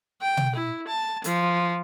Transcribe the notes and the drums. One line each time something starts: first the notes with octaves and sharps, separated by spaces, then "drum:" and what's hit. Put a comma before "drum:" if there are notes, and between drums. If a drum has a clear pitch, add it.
G5
drum: tom B2
E4
A5
F3, drum: hi-hat